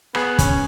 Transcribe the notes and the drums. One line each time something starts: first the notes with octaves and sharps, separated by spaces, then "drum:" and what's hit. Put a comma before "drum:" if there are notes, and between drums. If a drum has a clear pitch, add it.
B3 G#4, drum: rim click
C#4, drum: kick, hi-hat